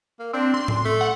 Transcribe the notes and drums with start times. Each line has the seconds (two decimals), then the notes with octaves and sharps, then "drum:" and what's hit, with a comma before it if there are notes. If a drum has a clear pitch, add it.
0.20 A#3
0.33 C4 D4
0.54 C6
0.68 drum: tom A2
0.85 A3
1.01 F#5